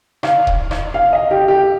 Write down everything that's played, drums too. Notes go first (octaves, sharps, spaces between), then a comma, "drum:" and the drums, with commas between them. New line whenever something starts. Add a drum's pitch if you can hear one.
F5, drum: rim click
drum: kick D#1
drum: rim click
F5
D#5
G4
G4